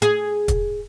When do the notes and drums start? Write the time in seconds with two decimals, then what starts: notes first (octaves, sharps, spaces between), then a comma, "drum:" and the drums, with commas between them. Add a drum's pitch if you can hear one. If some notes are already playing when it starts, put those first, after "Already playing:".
0.02 G#4, drum: hi-hat
0.48 drum: kick, hi-hat